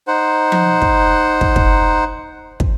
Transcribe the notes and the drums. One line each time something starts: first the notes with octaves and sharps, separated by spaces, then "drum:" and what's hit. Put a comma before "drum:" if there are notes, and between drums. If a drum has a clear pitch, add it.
D#4 C5 F#5
drum: tom F3
drum: kick
drum: kick
drum: kick
drum: kick